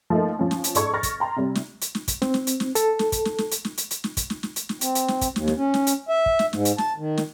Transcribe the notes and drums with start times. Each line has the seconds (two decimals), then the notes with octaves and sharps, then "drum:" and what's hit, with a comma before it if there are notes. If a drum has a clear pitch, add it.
0.10 F3 A3 A#3 D#4
0.39 F3 C#4
0.51 drum: snare
0.64 drum: hi-hat
0.75 G#2 A4 D5 C#6 G#6, drum: hi-hat
0.94 C#6 F6 A6 A#6
1.03 drum: kick, hi-hat
1.20 G5 A#5 C6
1.36 C3 G3
1.55 drum: snare
1.82 drum: hi-hat
1.95 drum: snare
2.08 drum: kick, hi-hat
2.22 C4, drum: snare
2.34 drum: snare
2.47 drum: hi-hat
2.60 drum: snare
2.75 A4, drum: hi-hat
2.99 drum: snare
3.12 drum: kick, hi-hat
3.25 drum: snare
3.38 drum: snare
3.51 drum: hi-hat
3.65 drum: snare
3.78 drum: hi-hat
3.91 drum: hi-hat
4.04 drum: snare
4.17 drum: kick, hi-hat
4.30 drum: snare
4.43 drum: snare
4.56 drum: hi-hat
4.69 drum: snare
4.81 C4, drum: hi-hat
4.95 drum: hi-hat
5.08 drum: snare
5.21 drum: kick, hi-hat
5.36 D#2, drum: snare
5.48 drum: snare
5.58 C#4
5.74 drum: snare
5.87 drum: hi-hat
6.09 E5
6.26 drum: kick
6.39 drum: snare
6.53 G#2, drum: snare
6.65 drum: hi-hat
6.78 A5, drum: snare
6.97 D#3
7.17 drum: snare